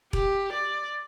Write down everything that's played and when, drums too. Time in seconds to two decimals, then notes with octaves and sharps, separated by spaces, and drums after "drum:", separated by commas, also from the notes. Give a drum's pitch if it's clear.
0.13 G4, drum: kick E1
0.53 D5